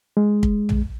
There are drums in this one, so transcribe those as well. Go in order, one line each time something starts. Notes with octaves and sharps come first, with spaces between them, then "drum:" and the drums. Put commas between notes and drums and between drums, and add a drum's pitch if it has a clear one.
G#3
drum: kick
drum: tom